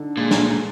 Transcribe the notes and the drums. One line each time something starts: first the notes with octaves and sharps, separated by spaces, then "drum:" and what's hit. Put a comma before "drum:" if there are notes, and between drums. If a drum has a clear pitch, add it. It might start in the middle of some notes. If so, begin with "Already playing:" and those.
Already playing: D3 D#4
A#2 G#3
drum: snare